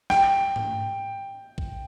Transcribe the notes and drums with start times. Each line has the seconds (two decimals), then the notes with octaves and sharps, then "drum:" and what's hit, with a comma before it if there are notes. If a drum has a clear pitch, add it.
0.10 G5, drum: snare
0.56 drum: tom G#2
1.58 drum: kick